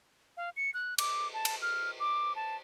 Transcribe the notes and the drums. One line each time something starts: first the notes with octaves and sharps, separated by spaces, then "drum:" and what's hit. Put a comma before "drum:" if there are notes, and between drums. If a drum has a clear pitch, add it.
F5
C#7
F#6
D6, drum: cymbal
A5
drum: cymbal
F6
D6
A5